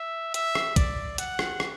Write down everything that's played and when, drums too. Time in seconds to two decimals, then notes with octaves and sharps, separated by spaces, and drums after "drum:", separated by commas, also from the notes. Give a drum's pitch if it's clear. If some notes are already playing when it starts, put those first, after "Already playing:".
Already playing: E5
0.34 E5, drum: hi-hat
0.55 drum: rim click
0.76 D5, drum: kick, hi-hat
1.18 F#5, drum: hi-hat
1.39 drum: rim click
1.60 drum: rim click